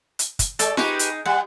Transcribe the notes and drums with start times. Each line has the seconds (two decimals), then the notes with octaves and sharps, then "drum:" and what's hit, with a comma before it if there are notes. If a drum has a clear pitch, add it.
0.19 drum: hi-hat
0.39 drum: kick, hi-hat
0.59 G#3 A4 D5, drum: hi-hat
0.77 G#3 D#4 G4 B4 C#6, drum: snare F4
0.99 drum: hi-hat
1.26 G3 F#5